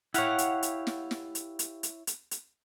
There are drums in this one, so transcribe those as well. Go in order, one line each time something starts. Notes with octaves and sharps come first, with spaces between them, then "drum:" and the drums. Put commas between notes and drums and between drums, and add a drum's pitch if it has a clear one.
E4 G4 C#5 F5 F#5, drum: hi-hat
drum: hi-hat
drum: hi-hat
drum: snare
drum: snare
drum: hi-hat
drum: hi-hat
drum: hi-hat
drum: hi-hat
drum: hi-hat